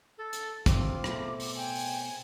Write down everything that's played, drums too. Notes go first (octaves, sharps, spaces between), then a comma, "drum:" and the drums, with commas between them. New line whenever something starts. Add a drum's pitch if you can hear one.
A4
drum: hi-hat
G#1 G2 C3 C4 F4 D6, drum: kick, hi-hat
B2 A3, drum: rim click
drum: open hi-hat
G5 G#5
drum: open hi-hat